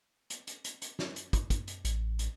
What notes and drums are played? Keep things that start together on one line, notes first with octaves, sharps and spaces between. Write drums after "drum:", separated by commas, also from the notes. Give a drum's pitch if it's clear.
drum: hi-hat
drum: hi-hat
drum: hi-hat
drum: hi-hat
drum: snare
drum: hi-hat
drum: kick, hi-hat
drum: kick, hi-hat
drum: hi-hat
A1, drum: hi-hat
drum: hi-hat